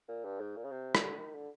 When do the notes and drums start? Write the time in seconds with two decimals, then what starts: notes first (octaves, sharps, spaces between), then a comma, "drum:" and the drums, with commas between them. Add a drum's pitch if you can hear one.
0.08 A#2
0.24 G2
0.40 G#2
0.56 A#2
0.64 C#3
0.71 C3
0.95 D3, drum: rim click
1.18 D#3
1.35 D3